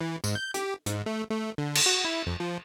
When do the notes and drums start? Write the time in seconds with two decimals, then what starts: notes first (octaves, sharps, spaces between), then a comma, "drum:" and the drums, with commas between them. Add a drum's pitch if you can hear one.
0.01 E3
0.24 G#2, drum: tambourine
0.35 G6
0.54 G4, drum: hi-hat
0.86 G#2, drum: hi-hat
1.06 A3
1.30 A3
1.58 D3
1.75 drum: cymbal
1.86 F#4
2.05 E4
2.26 F2
2.40 F3